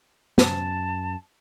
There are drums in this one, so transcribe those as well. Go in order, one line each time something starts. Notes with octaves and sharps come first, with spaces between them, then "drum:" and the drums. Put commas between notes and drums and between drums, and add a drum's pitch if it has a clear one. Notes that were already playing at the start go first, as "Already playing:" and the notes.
F#2 A5, drum: snare